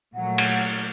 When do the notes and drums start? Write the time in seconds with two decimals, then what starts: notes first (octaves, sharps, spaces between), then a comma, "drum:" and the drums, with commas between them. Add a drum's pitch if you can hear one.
0.15 A#2 F#3 A3 F#5
0.38 drum: cymbal